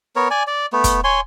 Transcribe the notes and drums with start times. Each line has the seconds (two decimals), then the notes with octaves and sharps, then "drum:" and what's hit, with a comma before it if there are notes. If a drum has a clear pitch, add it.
0.16 B3 A#4 C#5
0.31 D5 G#5
0.47 D5
0.73 A3 B3
0.84 drum: kick, hi-hat
1.04 C#5 G#5 C6